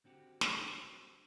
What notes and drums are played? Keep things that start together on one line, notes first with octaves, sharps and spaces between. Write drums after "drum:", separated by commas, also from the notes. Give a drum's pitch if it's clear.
D3 C4 F#4 G4
drum: snare